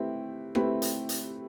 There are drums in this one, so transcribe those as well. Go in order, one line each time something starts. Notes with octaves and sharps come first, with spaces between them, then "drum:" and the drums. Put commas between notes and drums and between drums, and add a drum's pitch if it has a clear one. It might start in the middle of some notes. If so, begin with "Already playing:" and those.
Already playing: A3 C4 E4 G4 B4
A3 C4 E4 G4 B4, drum: rim click
drum: hi-hat
drum: hi-hat